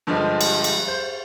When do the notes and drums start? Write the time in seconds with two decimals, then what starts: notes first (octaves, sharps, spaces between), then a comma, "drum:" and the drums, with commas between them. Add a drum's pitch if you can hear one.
0.07 G2 D3 F3 G3 G#3
0.41 drum: cymbal
0.64 drum: cymbal
0.88 C5